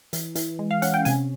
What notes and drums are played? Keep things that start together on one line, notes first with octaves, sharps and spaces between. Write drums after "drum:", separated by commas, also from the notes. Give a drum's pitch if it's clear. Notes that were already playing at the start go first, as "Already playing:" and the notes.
E3, drum: hi-hat
E3, drum: hi-hat
G#3
F5
C#4 F#5, drum: hi-hat
G5
C3 G#5, drum: hi-hat